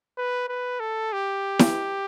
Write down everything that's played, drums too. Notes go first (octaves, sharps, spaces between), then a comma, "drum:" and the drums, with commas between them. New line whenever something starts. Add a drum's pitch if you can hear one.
B4
B4
A4
G4
drum: snare E4